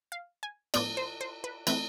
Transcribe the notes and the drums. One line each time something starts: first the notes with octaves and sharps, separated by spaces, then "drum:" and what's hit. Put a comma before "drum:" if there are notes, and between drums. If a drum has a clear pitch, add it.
F5
G#5
A2 F3 B3 D4 D5, drum: cymbal
C5
C5
B4
E3 A3 C4 B4, drum: cymbal